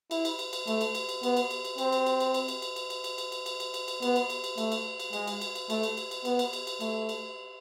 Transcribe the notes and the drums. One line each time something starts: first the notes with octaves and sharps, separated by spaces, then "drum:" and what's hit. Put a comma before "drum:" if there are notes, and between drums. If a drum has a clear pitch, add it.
E4, drum: cymbal
drum: cymbal
drum: cymbal
drum: cymbal
A3, drum: cymbal
drum: cymbal
drum: cymbal
drum: cymbal
B3, drum: cymbal
drum: cymbal
drum: cymbal
drum: cymbal
C4, drum: cymbal
drum: cymbal
drum: cymbal
drum: cymbal
drum: cymbal
drum: cymbal
drum: cymbal
drum: cymbal
drum: cymbal
drum: cymbal
drum: cymbal
drum: cymbal
drum: cymbal
drum: cymbal
drum: cymbal
drum: cymbal
B3, drum: cymbal
drum: cymbal
drum: cymbal
drum: cymbal
A3, drum: cymbal
drum: cymbal
drum: cymbal
G#3, drum: cymbal
drum: cymbal
drum: cymbal
drum: cymbal
A3, drum: cymbal
drum: cymbal
drum: cymbal
drum: cymbal
B3, drum: cymbal
drum: cymbal
drum: cymbal
drum: cymbal
A3, drum: cymbal
drum: cymbal